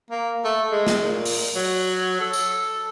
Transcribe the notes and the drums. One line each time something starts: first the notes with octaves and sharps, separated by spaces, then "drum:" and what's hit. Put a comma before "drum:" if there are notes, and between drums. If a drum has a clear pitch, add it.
A#3
A3
G#3
drum: snare
A#2
drum: open hi-hat
F#3
A4
drum: tambourine